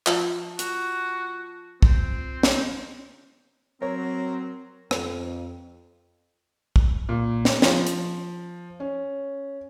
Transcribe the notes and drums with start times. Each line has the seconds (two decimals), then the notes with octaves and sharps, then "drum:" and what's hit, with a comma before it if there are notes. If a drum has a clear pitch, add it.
0.07 F3, drum: clap
0.59 F#4, drum: hi-hat
1.82 C4, drum: kick
2.43 drum: snare
3.82 F#3 C4 A#4 C#5
4.91 F2, drum: rim click
6.76 drum: kick
7.09 A#2
7.45 drum: snare
7.62 F3, drum: snare
7.87 drum: hi-hat
8.80 C#4